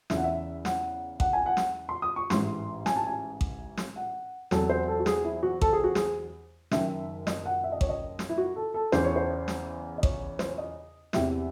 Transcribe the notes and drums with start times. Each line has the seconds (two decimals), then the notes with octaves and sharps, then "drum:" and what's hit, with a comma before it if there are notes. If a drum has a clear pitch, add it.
0.10 E2 C#3 E3 E5, drum: snare
0.17 F#5
0.24 E5
0.65 F#5, drum: snare
1.20 F#5, drum: kick A1
1.33 G#5
1.46 F#5
1.57 drum: snare
1.89 C6
2.02 D#6
2.16 C#6
2.30 A1 G#2 E3 C6, drum: snare
2.86 G#5, drum: snare
2.96 A5
3.07 G#5
3.41 drum: kick A1
3.77 drum: snare
3.96 F#5
4.51 E2 C3 F#3 A4, drum: snare
4.70 C5
4.88 A4
5.00 F#4
5.06 G#4, drum: snare
5.25 E4
5.43 F#4
5.61 A4, drum: kick A1
5.73 G#4
5.84 F#4
5.95 G#4, drum: snare
6.71 F#1 F#2 D#3 E5, drum: snare
7.27 D#5, drum: snare
7.46 F#5
7.64 E5
7.72 D#5
7.81 C#5, drum: kick A1
7.89 D#5
8.19 drum: snare
8.29 E4
8.38 F#4
8.56 A4
8.74 A4
8.92 E2 C#3 E3 C5, drum: snare
9.04 C#5
9.16 C5
9.48 drum: snare
9.98 D#5
10.03 C#5, drum: kick A1
10.39 C5, drum: snare
10.48 C#5
10.58 D#5
11.13 E2 C3 E3 E5, drum: snare